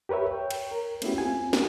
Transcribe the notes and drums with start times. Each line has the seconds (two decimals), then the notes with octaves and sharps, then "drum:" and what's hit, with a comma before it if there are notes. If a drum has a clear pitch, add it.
0.09 G4 A#4 B4 C#5 E5
0.31 C#5 G5
0.51 drum: cymbal
0.71 A#4
1.02 A3 B3 C#4 E4 F#4 G4, drum: cymbal
1.18 C4 F4 G#5
1.53 drum: snare